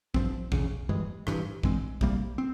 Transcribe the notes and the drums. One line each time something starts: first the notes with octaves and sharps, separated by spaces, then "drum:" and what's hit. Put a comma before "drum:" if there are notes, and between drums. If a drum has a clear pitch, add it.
G2 F3 C4, drum: kick A#1
E1 E2 C#3, drum: kick A#1
G1 G2 E3 G#3
G#1 G2 E3, drum: rim click
G2 E3 G#3 C4, drum: kick A#1
C2 C3 G3 A#3, drum: kick A#1
C4